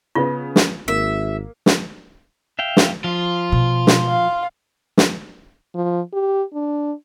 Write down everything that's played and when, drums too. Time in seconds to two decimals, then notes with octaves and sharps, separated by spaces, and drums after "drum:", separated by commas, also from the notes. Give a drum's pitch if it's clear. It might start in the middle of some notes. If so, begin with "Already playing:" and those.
0.15 C#3 B3 F4
0.56 drum: snare
0.88 G#1 A#3 E5
1.66 drum: snare
2.59 E5 F5 G5
2.77 drum: snare
3.04 F3 F4
3.52 B2
3.87 drum: snare
4.09 F5
4.98 drum: snare
5.75 F3
6.13 G4
6.54 D4